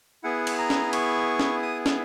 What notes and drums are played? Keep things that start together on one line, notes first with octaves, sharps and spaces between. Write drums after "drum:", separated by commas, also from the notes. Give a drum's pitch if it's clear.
B3 E4 G#4 F#5
drum: cymbal
A#5
drum: snare
C#6, drum: cymbal
drum: snare
D#6
drum: snare